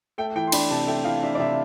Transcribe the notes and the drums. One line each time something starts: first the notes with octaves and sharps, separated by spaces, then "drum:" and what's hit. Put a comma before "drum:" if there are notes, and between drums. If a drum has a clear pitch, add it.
A3 G5
E3 G5
C6
D4 B5, drum: cymbal
C3 A5
A3 G5
E3 F5
D4 E5
D5
C3 E5